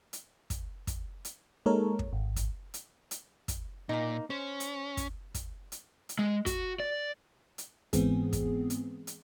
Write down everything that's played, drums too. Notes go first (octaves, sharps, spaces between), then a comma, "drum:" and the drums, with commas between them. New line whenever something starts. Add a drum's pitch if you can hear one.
drum: hi-hat
drum: kick, hi-hat
drum: kick, hi-hat
drum: hi-hat
G#3 A#3 D#4 A4 A#4 C#5
drum: kick
G#1
drum: kick, hi-hat
drum: hi-hat
drum: hi-hat
drum: kick, hi-hat
A#2 A#3 D#4
C#4 C5
drum: hi-hat
drum: kick, hi-hat
drum: kick, hi-hat
drum: hi-hat
drum: hi-hat
G#3
F#4, drum: kick, hi-hat
D5
drum: hi-hat
G#2 E3 G#3 B3 C4 G#4, drum: kick, hi-hat
drum: kick, hi-hat
drum: hi-hat
drum: hi-hat